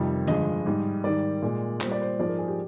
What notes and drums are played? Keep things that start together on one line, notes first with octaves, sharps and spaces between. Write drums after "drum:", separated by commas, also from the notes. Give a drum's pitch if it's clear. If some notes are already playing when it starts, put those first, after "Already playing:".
Already playing: F2 C3 D#3 G3
G2 F3 G#3 D#5, drum: tom D3
G#2 G3
G#2 D#3 G3 D5
A#2 G#3
A#2 G3 C5, drum: clap
D5
C5
G#2 F3 G#3 D5
A#4
G#4
G4